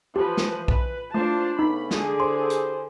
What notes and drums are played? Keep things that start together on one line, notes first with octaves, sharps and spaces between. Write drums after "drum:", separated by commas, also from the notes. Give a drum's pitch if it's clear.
E3 F3 G4 B4
drum: snare
B4, drum: kick B1
A3 A#3 D4 E4 F4 C5 A5
C#3 A3 B3 D#4 B5
D3 G#4, drum: snare
E4 G4 C5 C6
drum: hi-hat